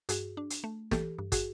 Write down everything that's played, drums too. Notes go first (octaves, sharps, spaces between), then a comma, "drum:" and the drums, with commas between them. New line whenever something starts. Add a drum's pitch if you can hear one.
G2 F#4 G#4, drum: hi-hat
D4
drum: hi-hat
A3
E3 G4 A4, drum: snare
G2
F#4 G#4, drum: kick, hi-hat